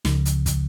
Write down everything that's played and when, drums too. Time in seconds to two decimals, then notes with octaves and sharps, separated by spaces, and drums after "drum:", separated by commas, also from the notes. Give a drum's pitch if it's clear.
0.05 C#2 C#3 F3, drum: snare
0.25 drum: hi-hat
0.46 drum: kick, hi-hat